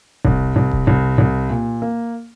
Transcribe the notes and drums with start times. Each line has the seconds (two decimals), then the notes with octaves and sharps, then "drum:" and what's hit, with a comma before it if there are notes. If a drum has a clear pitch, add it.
0.25 C2, drum: kick E1
0.56 C2
0.71 drum: kick E1
0.87 C2
1.18 C2
1.50 A#2
1.82 A#3